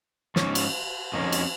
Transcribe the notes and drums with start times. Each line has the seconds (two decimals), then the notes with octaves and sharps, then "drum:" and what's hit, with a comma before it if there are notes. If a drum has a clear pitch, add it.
0.36 G#2 F3 C#4, drum: snare
0.55 drum: cymbal
1.13 F2 D#3 A#3 C#4
1.32 drum: cymbal